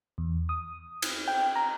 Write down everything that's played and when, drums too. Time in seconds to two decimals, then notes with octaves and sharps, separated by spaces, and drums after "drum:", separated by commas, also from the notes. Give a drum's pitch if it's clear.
0.18 E2
0.49 D#6
1.02 drum: cymbal
1.28 G5
1.56 A#5